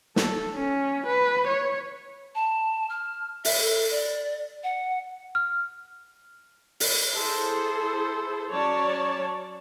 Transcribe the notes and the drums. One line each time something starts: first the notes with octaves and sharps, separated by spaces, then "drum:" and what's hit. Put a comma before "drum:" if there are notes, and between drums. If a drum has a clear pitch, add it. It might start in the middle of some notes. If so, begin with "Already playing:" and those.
A4, drum: snare
C#4
B4
C#5
A5
F6
E5, drum: open hi-hat
A4
D5
F#5
F6
drum: open hi-hat
E4 G#4 A4 C5
F#3 C#4 C#5 D5 A5